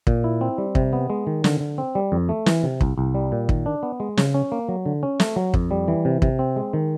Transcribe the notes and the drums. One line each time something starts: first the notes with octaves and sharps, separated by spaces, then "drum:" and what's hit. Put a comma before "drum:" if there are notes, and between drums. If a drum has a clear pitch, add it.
A#2, drum: kick
E4
C4
G3
C3, drum: kick
B3
G#3
D#3
D3, drum: snare
D3
C4
G3
F2
A3
E3, drum: snare
C3
C2, drum: kick
C2
G3
A#2
D#3, drum: kick
D4
B3
G#3
C#3, drum: snare
C#4
A#3
F#3
D3
C#4
A3, drum: snare
F#3
F2, drum: kick
G3
E3
C3
C3, drum: kick
C4
G#3
D#3